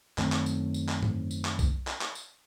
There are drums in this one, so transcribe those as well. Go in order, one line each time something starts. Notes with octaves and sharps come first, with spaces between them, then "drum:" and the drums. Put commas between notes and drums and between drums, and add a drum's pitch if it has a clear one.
F#2 D#3 A3 C4, drum: clap
drum: clap
drum: tambourine
drum: tambourine
drum: clap
drum: tom G#2
drum: tambourine
drum: clap
drum: kick B1, tambourine
drum: clap
drum: clap
drum: tambourine